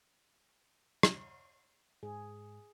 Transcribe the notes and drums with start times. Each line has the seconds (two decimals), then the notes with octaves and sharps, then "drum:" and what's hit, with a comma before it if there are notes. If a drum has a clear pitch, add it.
1.03 drum: rim click
2.03 G#2 G#4